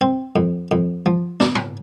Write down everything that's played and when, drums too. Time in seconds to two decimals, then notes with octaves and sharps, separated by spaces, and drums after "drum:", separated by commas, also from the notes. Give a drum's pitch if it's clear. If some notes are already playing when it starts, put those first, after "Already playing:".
0.01 C4
0.36 F2
0.71 F2
1.06 F3
1.40 D4, drum: snare
1.55 drum: tom